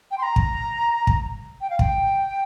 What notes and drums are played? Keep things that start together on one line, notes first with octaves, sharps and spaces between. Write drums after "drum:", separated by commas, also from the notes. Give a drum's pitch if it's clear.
G5
C6
A#5
drum: kick
drum: kick
G5
F5
G5, drum: kick